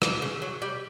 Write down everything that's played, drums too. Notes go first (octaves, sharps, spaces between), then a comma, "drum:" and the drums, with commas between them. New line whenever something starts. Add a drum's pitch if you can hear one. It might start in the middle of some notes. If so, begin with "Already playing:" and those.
E3, drum: rim click
C#3
F#3
G3